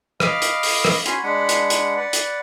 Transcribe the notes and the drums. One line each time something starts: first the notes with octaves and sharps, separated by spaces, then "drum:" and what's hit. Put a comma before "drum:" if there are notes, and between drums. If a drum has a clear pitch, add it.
D#5 F5 B5 D6 F6, drum: rim click
drum: hi-hat
drum: open hi-hat
drum: rim click
C#4 F#4 G#5 B5 C6, drum: hi-hat
G#3 D4 F#5 B5
drum: hi-hat
drum: hi-hat
B4 D5 F#5
drum: hi-hat